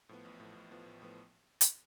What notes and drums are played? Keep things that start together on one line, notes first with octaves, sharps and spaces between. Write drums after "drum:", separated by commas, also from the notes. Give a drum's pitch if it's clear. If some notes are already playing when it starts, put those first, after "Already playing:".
A2 F3 B3
A1
A2 F3 B3
A1
A2 F3 B3
A1
A2 F3 B3
drum: hi-hat